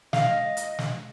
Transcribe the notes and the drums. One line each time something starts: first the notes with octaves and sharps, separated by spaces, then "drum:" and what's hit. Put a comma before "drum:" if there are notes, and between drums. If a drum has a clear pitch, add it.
D#5 F5, drum: snare
drum: hi-hat
drum: snare